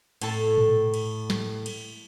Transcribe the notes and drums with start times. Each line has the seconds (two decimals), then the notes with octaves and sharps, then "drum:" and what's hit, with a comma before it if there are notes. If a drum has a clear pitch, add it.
0.21 A2 A4, drum: cymbal
0.58 drum: tom A#2
0.94 drum: cymbal
1.30 drum: snare
1.66 drum: cymbal